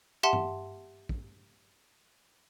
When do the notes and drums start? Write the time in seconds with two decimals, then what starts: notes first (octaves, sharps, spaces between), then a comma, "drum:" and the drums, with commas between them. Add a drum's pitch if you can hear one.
0.23 G4 E5 F#5 A5 C6
0.33 drum: tom G2
1.09 drum: kick